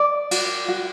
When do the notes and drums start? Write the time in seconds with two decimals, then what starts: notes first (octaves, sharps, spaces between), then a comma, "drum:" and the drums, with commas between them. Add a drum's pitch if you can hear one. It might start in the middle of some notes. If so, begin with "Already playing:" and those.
Already playing: D5
0.31 F#4, drum: cymbal
0.68 F#4